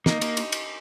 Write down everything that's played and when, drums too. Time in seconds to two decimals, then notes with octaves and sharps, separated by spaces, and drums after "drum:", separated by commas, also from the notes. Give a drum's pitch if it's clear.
0.06 A#3 D#4, drum: snare
0.22 A#3, drum: cymbal
0.37 drum: cymbal
0.52 drum: cymbal